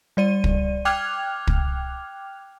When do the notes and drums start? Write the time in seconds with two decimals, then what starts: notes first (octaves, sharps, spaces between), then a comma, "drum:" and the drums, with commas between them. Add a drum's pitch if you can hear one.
0.17 G3 D5 D#7
0.44 drum: kick
0.85 G5 D6 F6 F#6 G#6 F7
1.47 drum: kick